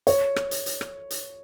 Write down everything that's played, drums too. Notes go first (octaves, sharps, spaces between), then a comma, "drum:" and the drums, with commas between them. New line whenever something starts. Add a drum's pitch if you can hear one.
C#5, drum: hi-hat
drum: rim click
drum: hi-hat
drum: hi-hat
drum: rim click
drum: hi-hat